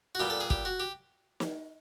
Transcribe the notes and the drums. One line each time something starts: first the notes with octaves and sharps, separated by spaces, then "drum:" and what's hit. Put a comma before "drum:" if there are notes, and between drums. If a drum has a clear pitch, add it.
F#4
A#2 G3 B3 G4
A4
G#4
G4, drum: kick
F#4
G4
drum: snare